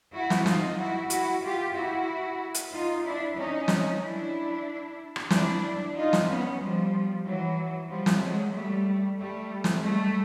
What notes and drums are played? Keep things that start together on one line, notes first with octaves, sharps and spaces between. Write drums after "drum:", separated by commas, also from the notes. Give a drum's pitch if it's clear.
E4 F#4
drum: snare
D#4 F4, drum: snare
E4 F#4
E4 F#4, drum: hi-hat
F4 G4
E4 F#4
drum: hi-hat
D#4 F4
D4 E4
C#4 D#4
drum: snare
D4 E4
drum: rim click
D4 E4, drum: snare
D#4 F4
drum: snare
B3 C#4
F3 G3
E3 F#3
F3 G3
drum: snare
F#3 G#3
G3 A3
G3 A3
drum: snare
G3 A3